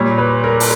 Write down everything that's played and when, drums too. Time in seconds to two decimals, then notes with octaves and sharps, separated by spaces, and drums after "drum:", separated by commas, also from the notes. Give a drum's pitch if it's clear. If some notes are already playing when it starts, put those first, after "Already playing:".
Already playing: A#2 G3 C#5
0.18 B4
0.44 A#4
0.60 drum: open hi-hat